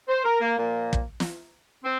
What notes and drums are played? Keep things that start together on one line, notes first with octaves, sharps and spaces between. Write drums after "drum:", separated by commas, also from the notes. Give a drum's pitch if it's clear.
C5
A#4
A#3
A#2 F3 A#3
drum: kick
drum: snare
C4